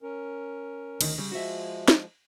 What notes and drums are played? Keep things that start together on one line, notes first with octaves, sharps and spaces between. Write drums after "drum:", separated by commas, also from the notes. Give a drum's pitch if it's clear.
C#4 A#4
D2 D#3, drum: cymbal
C#3 G3
F3 G#3 F#4 E5
drum: snare